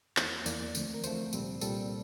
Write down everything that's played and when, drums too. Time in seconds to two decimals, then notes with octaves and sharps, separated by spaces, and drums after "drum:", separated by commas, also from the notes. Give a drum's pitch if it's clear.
0.17 E2 E3 A#3, drum: clap
0.46 E2 E3 A#3 D5, drum: tambourine
0.75 D2 D3 F3 A3 C4, drum: tambourine
0.94 A#4
1.04 D2 D3 F3 A3 C4 C5, drum: tambourine
1.33 C2 A#2 G3 C4, drum: tambourine
1.61 C2 A#2 G3 C4 A4, drum: tambourine